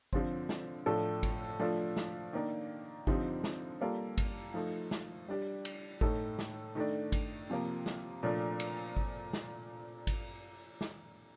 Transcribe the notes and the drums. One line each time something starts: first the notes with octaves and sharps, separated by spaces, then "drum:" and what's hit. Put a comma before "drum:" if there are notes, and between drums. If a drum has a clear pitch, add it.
D3 F3 C4, drum: kick G#1
drum: snare
A2 F3 A3 D4 A4
drum: kick G#1, cymbal
F3 A3 D4 F4 A4
drum: snare
D#3 A#3 D4
D3 F3 C4 D#4 G4, drum: kick G#1
drum: snare
G3 A#3 F4 A4
drum: kick G#1, cymbal
F3 A3 D#4
drum: snare
G3 D4 G4
drum: cymbal
A2 A3 D#4 A4, drum: kick G#1
drum: snare
D#3 A3 D4
drum: kick G#1, cymbal
C3 F3 A#3
drum: snare
A#2 F3 A3 D4
drum: cymbal
drum: kick G#1
drum: snare
drum: kick G#1, cymbal
drum: snare